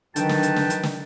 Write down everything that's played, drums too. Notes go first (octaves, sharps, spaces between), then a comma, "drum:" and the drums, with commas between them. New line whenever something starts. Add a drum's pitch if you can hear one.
D3 D#3 F#3 B4 G5 A5, drum: hi-hat
drum: snare
drum: hi-hat
drum: snare
drum: hi-hat
drum: snare